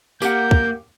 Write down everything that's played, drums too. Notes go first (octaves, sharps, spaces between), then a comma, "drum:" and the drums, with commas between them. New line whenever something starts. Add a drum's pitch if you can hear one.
A#3 G4 F#5 G6, drum: tambourine
drum: kick